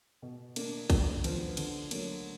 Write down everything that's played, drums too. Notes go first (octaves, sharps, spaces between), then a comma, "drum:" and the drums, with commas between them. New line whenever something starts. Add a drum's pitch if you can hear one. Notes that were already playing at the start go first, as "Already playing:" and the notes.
B2
A#3 D4, drum: cymbal
D3, drum: kick, cymbal
F3 B3, drum: cymbal
D3, drum: cymbal
F#3 A#3, drum: cymbal